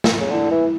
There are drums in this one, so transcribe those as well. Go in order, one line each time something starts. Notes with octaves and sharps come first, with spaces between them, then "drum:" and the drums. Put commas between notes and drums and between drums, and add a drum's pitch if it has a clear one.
drum: snare
C#3
D3 E4
E3